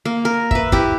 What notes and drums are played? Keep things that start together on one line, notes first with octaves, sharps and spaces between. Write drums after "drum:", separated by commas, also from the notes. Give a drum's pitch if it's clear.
A#3
A#4
B4 E5, drum: kick
E4 G4, drum: kick